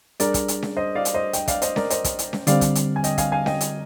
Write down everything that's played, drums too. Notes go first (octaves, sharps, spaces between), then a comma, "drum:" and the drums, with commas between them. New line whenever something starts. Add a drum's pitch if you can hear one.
G3 D4 G#4 A#4 D5, drum: hi-hat
drum: kick, hi-hat
drum: hi-hat
drum: snare C#4
C5 D#5
D5 F5
drum: hi-hat
C5 D#5
D#5 G5, drum: hi-hat
D5 F5, drum: kick, hi-hat
C5 D#5, drum: hi-hat
A#4 D5, drum: snare C#4
C5 D#5, drum: hi-hat
drum: kick, hi-hat
drum: hi-hat
drum: snare C#4
D3 G3 C4 D5 F5, drum: hi-hat
drum: kick, hi-hat
drum: hi-hat
G#5
D#5 G5, drum: hi-hat
F5 G#5, drum: kick, hi-hat
F5 G#5
D#5 G5, drum: snare C#4
drum: hi-hat